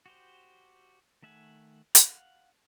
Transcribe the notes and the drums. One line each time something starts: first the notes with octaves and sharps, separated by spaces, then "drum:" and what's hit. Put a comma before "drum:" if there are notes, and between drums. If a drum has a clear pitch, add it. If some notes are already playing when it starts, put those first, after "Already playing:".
F#4 G4 C5
D#3 A3 E5 F#5 G#5
F5 F#5, drum: hi-hat